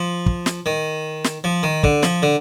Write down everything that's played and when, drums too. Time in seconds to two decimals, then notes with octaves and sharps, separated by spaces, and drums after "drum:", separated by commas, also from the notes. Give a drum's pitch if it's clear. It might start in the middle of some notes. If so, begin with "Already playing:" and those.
Already playing: F3
0.26 drum: kick
0.46 drum: snare
0.66 D#3
1.24 drum: snare
1.44 F3
1.63 D#3
1.83 D3, drum: kick
2.03 F3, drum: snare
2.22 D3